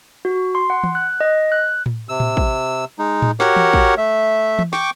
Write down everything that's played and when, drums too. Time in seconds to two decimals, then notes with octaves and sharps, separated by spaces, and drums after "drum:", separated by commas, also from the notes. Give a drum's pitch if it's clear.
0.25 F#4
0.55 C6
0.70 F#5
0.84 drum: tom E3
0.95 F#6
1.20 D#5
1.52 F#6
1.86 drum: tom A2
2.09 C3 E6
2.20 drum: tom A2
2.37 drum: kick
2.99 G#3 D#4
3.22 drum: tom A2
3.40 F#4 G4 A#4 C#5 F#5, drum: snare
3.56 drum: tom E3
3.73 drum: kick
3.98 A3 E5
4.59 drum: tom E3
4.73 G5 C#6 D6, drum: snare